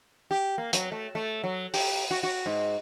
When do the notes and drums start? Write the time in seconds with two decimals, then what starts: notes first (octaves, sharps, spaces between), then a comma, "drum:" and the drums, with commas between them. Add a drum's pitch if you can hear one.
0.31 G4
0.58 A#3
0.73 F#3, drum: hi-hat
0.92 A3
1.15 A3
1.44 F#3
1.74 G4, drum: open hi-hat
2.11 F#4
2.23 F#4
2.46 G#2